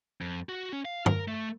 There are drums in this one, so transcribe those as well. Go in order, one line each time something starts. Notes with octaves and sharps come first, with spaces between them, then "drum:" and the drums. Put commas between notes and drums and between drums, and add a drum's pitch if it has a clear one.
F2
F#4
C#4
F5
A#4, drum: tom G2
A3